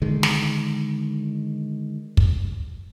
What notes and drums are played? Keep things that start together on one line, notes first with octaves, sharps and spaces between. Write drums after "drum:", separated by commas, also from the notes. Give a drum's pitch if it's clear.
D3 D#3 G#3
drum: snare
drum: kick